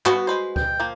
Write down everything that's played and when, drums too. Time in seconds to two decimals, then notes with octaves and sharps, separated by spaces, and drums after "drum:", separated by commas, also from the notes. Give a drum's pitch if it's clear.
0.06 B3 F#4, drum: clap
0.27 G#3 B4 C5
0.56 G5, drum: kick C#2
0.80 F3 A#3